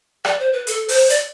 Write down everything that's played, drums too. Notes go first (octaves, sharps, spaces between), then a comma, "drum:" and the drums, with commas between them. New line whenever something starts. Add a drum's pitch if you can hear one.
D5, drum: rim click
C5
B4
A4, drum: hi-hat
C5, drum: open hi-hat
D5, drum: hi-hat